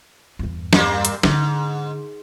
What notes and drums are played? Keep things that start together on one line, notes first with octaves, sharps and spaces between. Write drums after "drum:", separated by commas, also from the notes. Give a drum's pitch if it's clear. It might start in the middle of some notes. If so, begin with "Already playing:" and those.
E2 G2
G3 A#3 C4, drum: snare
drum: hi-hat
G#2 D3 D4, drum: snare